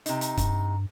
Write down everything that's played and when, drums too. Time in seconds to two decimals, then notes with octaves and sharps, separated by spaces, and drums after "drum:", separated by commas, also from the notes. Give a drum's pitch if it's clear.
0.06 C3 D#4, drum: hi-hat
0.21 drum: hi-hat
0.37 G2, drum: kick, hi-hat